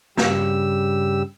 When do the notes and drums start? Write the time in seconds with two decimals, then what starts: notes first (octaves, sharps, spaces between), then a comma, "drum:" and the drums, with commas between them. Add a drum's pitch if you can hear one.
0.17 G2 C#3 G3 G4 E6, drum: snare